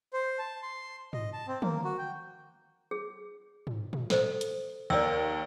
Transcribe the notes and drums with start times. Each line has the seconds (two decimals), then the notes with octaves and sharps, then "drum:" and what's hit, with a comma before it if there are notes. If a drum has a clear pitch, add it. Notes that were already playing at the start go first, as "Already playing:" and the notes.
0.13 C5
0.39 A5
0.63 C6
1.13 D#5, drum: tom
1.33 A5
1.47 C4
1.62 A#3, drum: tom
1.84 F#4
1.98 G5
2.91 G#4
3.67 drum: tom
3.93 drum: tom
4.10 A4 C5 D#5, drum: snare
4.41 drum: hi-hat
4.90 D#2 A#4 D5 D#5 E6